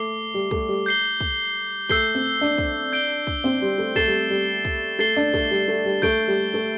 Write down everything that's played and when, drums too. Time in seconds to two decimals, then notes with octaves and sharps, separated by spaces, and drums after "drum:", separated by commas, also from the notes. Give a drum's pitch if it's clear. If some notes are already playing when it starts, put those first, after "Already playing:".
Already playing: A3 D6 C7 G7
0.34 G3
0.51 A3, drum: kick
0.68 G3
0.86 G6 C7 G7
1.20 drum: kick
1.89 A3 E6 G6 C7 G7, drum: kick
2.15 C4
2.41 D4
2.58 drum: kick
2.93 G6 D7 G7
3.27 drum: kick
3.44 C4
3.62 G3
3.78 A3
3.96 A3 A6 C7 E7 G7, drum: kick
4.07 G3
4.30 G3
4.65 drum: kick
4.99 A3 A6 C7 G7
5.16 D4
5.34 A3, drum: kick
5.51 G3
5.68 A3
5.86 G3
6.02 A3 G6 D7 G7, drum: kick
6.28 G3
6.54 A3